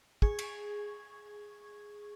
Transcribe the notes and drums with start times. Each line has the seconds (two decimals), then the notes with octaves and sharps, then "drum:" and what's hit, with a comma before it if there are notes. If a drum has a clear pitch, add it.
0.22 G#4 C#6 G#6, drum: kick
0.39 drum: cymbal